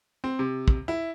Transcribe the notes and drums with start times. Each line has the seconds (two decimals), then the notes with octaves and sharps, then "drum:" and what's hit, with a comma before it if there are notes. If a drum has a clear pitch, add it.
0.24 C4
0.39 C3
0.68 drum: kick
0.88 E4